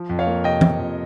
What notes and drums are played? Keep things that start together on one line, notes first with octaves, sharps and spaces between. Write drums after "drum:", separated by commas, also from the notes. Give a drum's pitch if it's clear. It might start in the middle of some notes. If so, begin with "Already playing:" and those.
Already playing: F3
F2
C#5 F5
A#3
C3 D#5 G5
F3, drum: tom E3
F2